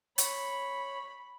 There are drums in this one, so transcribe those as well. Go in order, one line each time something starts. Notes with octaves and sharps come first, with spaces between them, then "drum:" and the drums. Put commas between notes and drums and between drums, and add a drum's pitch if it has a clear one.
C#5 B5, drum: hi-hat